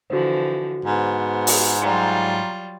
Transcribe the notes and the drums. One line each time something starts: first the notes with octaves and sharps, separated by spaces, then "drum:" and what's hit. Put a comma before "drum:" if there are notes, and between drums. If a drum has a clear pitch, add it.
D3 E3 F3 F#4 C5
G#2 B3
drum: open hi-hat
F#3 G3 F4 A#5 C6